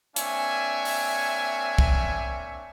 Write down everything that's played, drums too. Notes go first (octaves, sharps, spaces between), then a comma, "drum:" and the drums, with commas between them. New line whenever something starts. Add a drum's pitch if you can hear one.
A#3 C4 D4 C#5 E5 G#5, drum: hi-hat
drum: open hi-hat
drum: kick